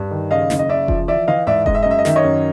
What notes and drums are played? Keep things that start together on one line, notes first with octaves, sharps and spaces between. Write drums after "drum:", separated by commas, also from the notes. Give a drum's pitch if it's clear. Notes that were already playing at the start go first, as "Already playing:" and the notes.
Already playing: G2
D#3
C#3 D#5 F5
F#1, drum: snare
D#5
C#3 D5 E5
F3, drum: kick F1
E3 D5 E5
E3 D#5 F5
G#2 D5 E5
G#3 D#5, drum: kick F1
E5
F#2 D#5
E5
D#5
D#3 E5, drum: snare
C#5 D#5
F#2